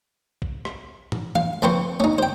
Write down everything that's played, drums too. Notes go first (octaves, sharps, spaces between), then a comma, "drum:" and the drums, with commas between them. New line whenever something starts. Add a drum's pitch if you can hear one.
drum: kick
drum: rim click
drum: tom A2
F5, drum: tom
F2 C4 B4 C5 C#6
C#4 D#4
C5 G5